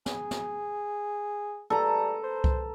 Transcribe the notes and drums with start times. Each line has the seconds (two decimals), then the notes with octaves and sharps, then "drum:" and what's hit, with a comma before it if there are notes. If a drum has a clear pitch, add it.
0.06 G#4, drum: snare
0.31 drum: snare
1.70 G3 A4 B4 A#5
2.24 C5
2.44 drum: kick C2